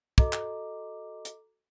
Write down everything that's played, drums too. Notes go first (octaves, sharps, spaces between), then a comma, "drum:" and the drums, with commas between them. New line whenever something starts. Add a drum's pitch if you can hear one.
F#4 A4 D#5 A#5 D6, drum: kick
drum: clap
drum: hi-hat